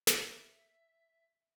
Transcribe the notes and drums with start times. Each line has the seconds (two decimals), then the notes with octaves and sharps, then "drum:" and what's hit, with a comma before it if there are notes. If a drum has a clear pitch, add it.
0.07 E5, drum: snare